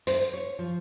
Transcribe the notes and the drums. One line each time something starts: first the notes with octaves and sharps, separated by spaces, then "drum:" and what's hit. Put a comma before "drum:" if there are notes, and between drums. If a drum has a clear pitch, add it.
C5, drum: hi-hat
C#5
F3